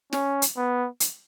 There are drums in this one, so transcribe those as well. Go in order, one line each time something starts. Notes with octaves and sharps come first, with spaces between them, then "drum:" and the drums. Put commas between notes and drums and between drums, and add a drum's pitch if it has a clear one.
C#4, drum: snare
drum: hi-hat
B3
drum: hi-hat